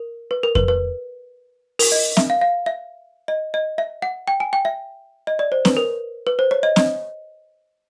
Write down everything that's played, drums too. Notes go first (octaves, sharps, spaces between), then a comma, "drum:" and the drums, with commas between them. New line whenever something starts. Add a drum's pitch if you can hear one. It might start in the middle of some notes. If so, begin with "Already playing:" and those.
Already playing: A#4
B4
A#4
B4, drum: kick F2
B4
A#4, drum: open hi-hat
D#5
E5, drum: snare C4
F5
F5
E5
D#5
D#5
E5
F#5
G5
G#5
G5
E5
D#5
D5
C5
B4, drum: snare C4
A#4
B4
C5
C#5
D#5
D#5, drum: snare C4